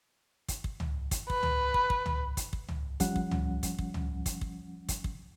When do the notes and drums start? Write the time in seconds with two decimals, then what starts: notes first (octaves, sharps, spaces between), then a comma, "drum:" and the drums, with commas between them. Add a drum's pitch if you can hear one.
0.48 drum: kick, hi-hat
0.64 drum: kick
0.80 drum: tom C#2
1.11 drum: kick, hi-hat
1.30 B4, drum: kick
1.43 drum: tom C#2
1.74 drum: kick
1.90 drum: kick
2.06 drum: tom C#2
2.37 drum: kick, hi-hat
2.53 drum: kick
2.68 drum: tom C#2
3.00 F3 G3 C#4 F#5, drum: kick, hi-hat
3.16 drum: kick
3.31 drum: tom C#2
3.63 drum: kick, hi-hat
3.79 drum: kick
3.94 drum: tom C#2
4.26 drum: kick, hi-hat
4.41 drum: kick
4.89 drum: kick, hi-hat
5.04 drum: kick